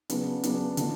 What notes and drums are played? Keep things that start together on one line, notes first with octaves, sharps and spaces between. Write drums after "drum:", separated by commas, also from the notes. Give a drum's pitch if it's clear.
C#3 F#3 B3 D4, drum: hi-hat
C#3 F#3 B3 D4, drum: hi-hat
D3 F3 A3 D4, drum: hi-hat